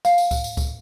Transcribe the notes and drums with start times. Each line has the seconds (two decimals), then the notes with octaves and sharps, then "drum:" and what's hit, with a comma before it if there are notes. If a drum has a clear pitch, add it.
0.05 F5, drum: tambourine
0.18 drum: tambourine
0.31 drum: kick C#2, tambourine
0.44 drum: tambourine
0.57 drum: kick C#2, tambourine